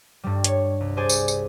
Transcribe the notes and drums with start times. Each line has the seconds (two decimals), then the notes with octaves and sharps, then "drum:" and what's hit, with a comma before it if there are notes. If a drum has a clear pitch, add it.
0.24 G2 G3
0.44 C#5, drum: hi-hat
0.80 C2
0.97 G#4 C5 D5 G#5
1.09 drum: tambourine
1.28 drum: tambourine